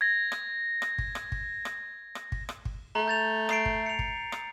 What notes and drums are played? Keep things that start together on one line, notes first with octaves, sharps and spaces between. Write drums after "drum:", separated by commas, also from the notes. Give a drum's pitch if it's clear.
G#6 A#6
drum: rim click
drum: rim click
drum: kick G#1
drum: rim click
drum: kick G#1
drum: rim click
drum: rim click
drum: kick G#1
drum: rim click
drum: kick G#1
A3 A#5
G6 A6 F7
A#5 C7 D7, drum: rim click
drum: kick G#1
C#7 F7
drum: kick G#1
drum: rim click